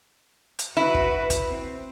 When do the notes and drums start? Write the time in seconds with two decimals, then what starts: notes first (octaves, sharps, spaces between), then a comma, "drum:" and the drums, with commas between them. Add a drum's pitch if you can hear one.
0.59 drum: hi-hat
0.77 E4 F#4 B4
0.94 drum: kick
1.30 drum: kick, hi-hat
1.48 C4